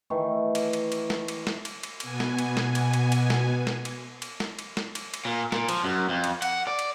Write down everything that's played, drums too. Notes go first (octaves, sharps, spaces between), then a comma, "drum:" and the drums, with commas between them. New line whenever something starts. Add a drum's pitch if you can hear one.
D#3 E3 A3
drum: cymbal
drum: cymbal
drum: cymbal
drum: snare
drum: cymbal
drum: snare
drum: cymbal
drum: cymbal
B2 B3 G#5, drum: cymbal
drum: snare
drum: cymbal
drum: snare
drum: cymbal
drum: cymbal
drum: cymbal
drum: snare
drum: snare
drum: cymbal
drum: cymbal
drum: snare
drum: cymbal
drum: snare
drum: cymbal
drum: cymbal
A#2
A#2, drum: snare
F3, drum: cymbal
F#2
F2
drum: cymbal
F#5, drum: cymbal
D5
drum: cymbal